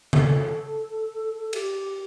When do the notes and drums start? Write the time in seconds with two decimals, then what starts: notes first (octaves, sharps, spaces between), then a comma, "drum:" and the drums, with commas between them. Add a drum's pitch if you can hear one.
0.13 A4, drum: tom C#3
1.53 G4, drum: cymbal